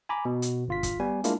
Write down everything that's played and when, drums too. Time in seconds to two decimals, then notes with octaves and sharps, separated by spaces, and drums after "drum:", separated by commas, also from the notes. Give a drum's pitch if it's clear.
0.09 G#5 A#5 B5 D6
0.25 B2
0.42 drum: hi-hat
0.68 G1 F4 B6
0.83 drum: kick, hi-hat
1.00 G3 B3 G#5
1.24 G#3 A#3 D4 E4 F4, drum: hi-hat